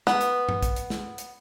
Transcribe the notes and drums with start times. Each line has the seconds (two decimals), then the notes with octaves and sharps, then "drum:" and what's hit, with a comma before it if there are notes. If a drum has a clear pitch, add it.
0.07 B3, drum: snare
0.21 drum: hi-hat
0.49 drum: tom G2
0.62 drum: kick, hi-hat
0.76 drum: hi-hat
0.90 drum: snare
1.18 drum: hi-hat